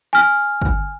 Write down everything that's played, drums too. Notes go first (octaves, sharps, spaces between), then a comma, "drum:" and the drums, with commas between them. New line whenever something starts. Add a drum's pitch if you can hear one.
G#5 F6
drum: kick